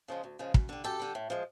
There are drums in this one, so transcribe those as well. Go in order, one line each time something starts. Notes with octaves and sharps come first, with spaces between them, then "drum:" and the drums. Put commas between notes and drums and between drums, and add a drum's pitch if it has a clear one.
C#3 F3 G#3
D2
C#3 F3 G#3
F#2, drum: kick
D3 G3
F#2 G4 A4
D3 G3
A2
F3 G#3